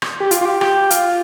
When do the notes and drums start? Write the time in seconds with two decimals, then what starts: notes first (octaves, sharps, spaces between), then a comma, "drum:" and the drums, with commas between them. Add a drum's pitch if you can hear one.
0.02 drum: rim click
0.20 G4
0.31 F4, drum: hi-hat
0.41 F4
0.45 G4
0.61 G4, drum: rim click
0.90 F4, drum: hi-hat